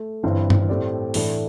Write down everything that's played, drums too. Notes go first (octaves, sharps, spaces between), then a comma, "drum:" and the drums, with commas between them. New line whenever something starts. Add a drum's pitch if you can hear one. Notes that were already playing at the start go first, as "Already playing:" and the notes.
Already playing: A3
G1 G2 E3 C4 E4
drum: tom G2
A2 A3 C4 G4 D5
A2 E3 A3 D4, drum: open hi-hat